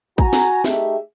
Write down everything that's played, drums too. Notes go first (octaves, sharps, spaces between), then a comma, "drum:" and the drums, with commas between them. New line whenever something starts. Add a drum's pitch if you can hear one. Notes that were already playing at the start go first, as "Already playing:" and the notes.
F#4 G#5 A#5, drum: kick
drum: snare
A3 D#4 G4 G#4 E5, drum: snare